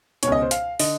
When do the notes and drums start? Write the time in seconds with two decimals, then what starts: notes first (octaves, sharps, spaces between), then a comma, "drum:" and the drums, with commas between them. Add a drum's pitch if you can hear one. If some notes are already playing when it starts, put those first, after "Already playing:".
0.23 C#2 B2 C#5, drum: hi-hat
0.32 D#5
0.42 C5
0.51 F5, drum: hi-hat
0.79 D3 D#5, drum: open hi-hat